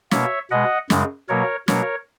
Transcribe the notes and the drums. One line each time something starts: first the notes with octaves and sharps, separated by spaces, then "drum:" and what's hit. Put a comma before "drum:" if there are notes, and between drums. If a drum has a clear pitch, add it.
B2 A#3 C#5 E5, drum: snare
B2 G#3 D#5 F#5
F#2 C#3 G#3, drum: snare
B2 F#3 A#3 A#4 C#5
B2 F#3 A#3 A#4 C#5, drum: snare